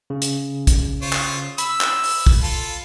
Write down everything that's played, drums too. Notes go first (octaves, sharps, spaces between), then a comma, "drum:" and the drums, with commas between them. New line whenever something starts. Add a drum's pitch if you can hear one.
C#3
drum: hi-hat
drum: kick, hi-hat
F4 C5 C#5
drum: clap
B5 E6, drum: hi-hat
drum: clap
drum: open hi-hat
drum: kick
F4 A4